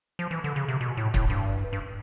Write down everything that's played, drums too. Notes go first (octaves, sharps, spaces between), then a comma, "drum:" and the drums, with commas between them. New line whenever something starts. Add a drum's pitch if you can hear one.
F3
E3
D3
C#3
C3
B2
A2
A2, drum: kick C#1
G2
G2